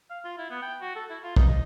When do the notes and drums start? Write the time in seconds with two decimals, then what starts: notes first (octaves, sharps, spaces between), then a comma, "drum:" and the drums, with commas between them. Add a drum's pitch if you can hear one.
0.10 F5
0.25 F4
0.38 E4
0.50 B3
0.62 G5
0.81 F#4
0.96 A4
1.10 E4
1.23 F4
1.36 D#4, drum: kick
1.48 D#5